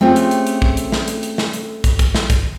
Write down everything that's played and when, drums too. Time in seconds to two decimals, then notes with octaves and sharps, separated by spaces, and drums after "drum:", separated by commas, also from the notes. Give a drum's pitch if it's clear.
0.01 A3 C4 C#4 F4 G4 G#4
0.16 drum: hi-hat
0.31 drum: hi-hat
0.47 drum: hi-hat
0.62 drum: kick
0.77 drum: hi-hat
0.92 drum: snare
1.08 drum: hi-hat
1.23 drum: hi-hat
1.38 drum: snare
1.53 drum: hi-hat
1.84 drum: kick, hi-hat
1.99 drum: kick, hi-hat
2.15 drum: snare
2.30 drum: kick, hi-hat